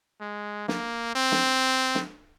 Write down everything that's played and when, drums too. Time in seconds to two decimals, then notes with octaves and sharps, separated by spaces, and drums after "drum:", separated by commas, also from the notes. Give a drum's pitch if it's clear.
0.21 G#3
0.68 A#3, drum: snare
1.16 C4
1.32 drum: snare
1.95 drum: snare